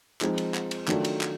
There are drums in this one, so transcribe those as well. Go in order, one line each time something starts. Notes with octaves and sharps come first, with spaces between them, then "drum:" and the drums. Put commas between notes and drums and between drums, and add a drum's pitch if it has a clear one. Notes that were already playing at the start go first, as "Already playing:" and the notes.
F3 G#3 C4 D#4, drum: clap
drum: cymbal
drum: clap
drum: cymbal
D#3 F#3 A3 D4 F4, drum: clap
drum: cymbal
drum: clap